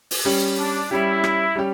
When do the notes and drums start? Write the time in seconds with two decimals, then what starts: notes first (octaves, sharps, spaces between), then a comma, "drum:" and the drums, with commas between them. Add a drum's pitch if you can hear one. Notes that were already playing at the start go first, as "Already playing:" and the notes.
0.11 drum: open hi-hat
0.25 G3 C#4 G4
0.57 D4
0.90 G3 C#4 E4 G4
1.24 drum: rim click
1.55 G3 C#4 G4